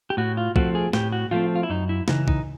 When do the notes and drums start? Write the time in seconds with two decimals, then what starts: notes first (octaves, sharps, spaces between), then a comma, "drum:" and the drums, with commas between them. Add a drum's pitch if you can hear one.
0.10 G4
0.17 A2 F#4
0.37 F4
0.56 F3 A3 C4 F#4, drum: kick
0.75 G#4
0.93 A2 G4, drum: snare
1.12 F#4
1.31 F3 A3 C4 F4
1.56 F4
1.63 E4
1.69 F#2 D#4
1.89 E4
2.08 C#3 E3 D#4, drum: snare
2.28 D#4, drum: kick